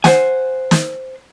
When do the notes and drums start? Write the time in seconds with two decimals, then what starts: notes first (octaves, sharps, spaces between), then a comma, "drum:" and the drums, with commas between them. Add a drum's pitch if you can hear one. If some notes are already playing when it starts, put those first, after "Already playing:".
0.04 C5 F#5 G#5, drum: snare
0.71 drum: snare